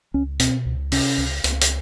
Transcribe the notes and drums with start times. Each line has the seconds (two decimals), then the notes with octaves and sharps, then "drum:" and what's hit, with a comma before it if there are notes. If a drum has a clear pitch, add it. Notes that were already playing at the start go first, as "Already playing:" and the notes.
0.14 C#2 C#4
0.40 B2 C4, drum: hi-hat
0.66 C#2
0.92 C3 C#4, drum: open hi-hat
1.18 C#2
1.44 C#2, drum: hi-hat
1.61 drum: hi-hat